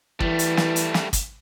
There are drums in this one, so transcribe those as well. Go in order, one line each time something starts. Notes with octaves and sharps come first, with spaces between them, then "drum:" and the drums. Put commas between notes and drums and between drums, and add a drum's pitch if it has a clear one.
E3 G3 A3, drum: kick
drum: hi-hat
drum: snare
drum: hi-hat
drum: snare
drum: kick, hi-hat